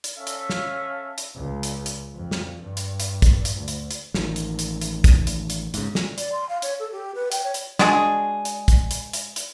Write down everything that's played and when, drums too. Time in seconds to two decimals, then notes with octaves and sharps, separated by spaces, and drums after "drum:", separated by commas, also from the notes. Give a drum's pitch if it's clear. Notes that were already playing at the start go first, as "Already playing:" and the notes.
0.04 drum: hi-hat
0.17 C#4 A4 E5 F5
0.27 drum: hi-hat
0.50 drum: snare
1.18 drum: hi-hat
1.36 C#2
1.63 drum: hi-hat
1.86 drum: hi-hat
2.14 F2
2.31 drum: snare
2.61 G2
2.77 drum: hi-hat
3.00 drum: hi-hat
3.22 drum: kick, hi-hat
3.45 drum: hi-hat
3.56 D2
3.68 drum: hi-hat
3.91 drum: hi-hat
4.14 A1 D#3, drum: snare
4.36 drum: hi-hat
4.59 drum: hi-hat
4.81 drum: hi-hat
5.04 drum: kick, hi-hat
5.27 drum: hi-hat
5.50 drum: hi-hat
5.74 G#2 C#3, drum: hi-hat
5.95 drum: snare
6.18 D5, drum: hi-hat
6.32 C6
6.49 F5
6.62 C#5, drum: hi-hat
6.79 A4
6.92 G4
7.15 B4
7.32 G5, drum: hi-hat
7.44 C#5
7.54 drum: hi-hat
7.79 G#3 D4 F#4 G#4, drum: snare
8.45 drum: hi-hat
8.68 drum: kick, hi-hat
8.91 drum: hi-hat
9.13 drum: hi-hat
9.36 drum: hi-hat